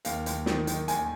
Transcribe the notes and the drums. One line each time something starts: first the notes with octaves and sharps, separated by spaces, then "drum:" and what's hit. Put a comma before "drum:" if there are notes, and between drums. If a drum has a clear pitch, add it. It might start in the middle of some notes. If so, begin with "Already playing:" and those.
D#2 F5, drum: hi-hat
D#2, drum: hi-hat
D#3, drum: snare
D#3, drum: hi-hat
D#2 G#5, drum: hi-hat